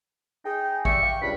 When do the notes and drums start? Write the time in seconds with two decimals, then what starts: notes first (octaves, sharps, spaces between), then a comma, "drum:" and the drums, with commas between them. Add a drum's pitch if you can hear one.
0.45 D#4 G#4 G5
0.85 G4 D5 E5 C#6, drum: kick G#1
1.03 F5 G5
1.22 C#2 G2 B5